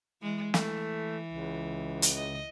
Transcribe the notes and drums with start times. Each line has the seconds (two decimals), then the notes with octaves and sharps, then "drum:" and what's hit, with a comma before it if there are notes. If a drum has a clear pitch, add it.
0.22 E3 G#3
0.54 E3 A3, drum: snare
1.33 C#2
2.02 drum: hi-hat
2.14 D#5